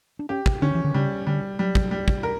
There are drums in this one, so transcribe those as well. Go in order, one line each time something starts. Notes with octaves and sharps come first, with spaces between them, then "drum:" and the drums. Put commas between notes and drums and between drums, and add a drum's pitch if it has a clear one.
D4
C#4 G4
drum: kick
D3 C#4
E3
D3
C#3 G3
D3 G3
F#3 G3
drum: kick
G3
drum: kick
A#4